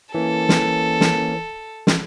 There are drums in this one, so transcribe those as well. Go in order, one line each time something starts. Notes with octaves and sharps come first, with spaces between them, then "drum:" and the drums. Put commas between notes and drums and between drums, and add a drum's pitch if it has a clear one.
E3 A#3 C#4 A4
drum: snare
drum: snare
drum: snare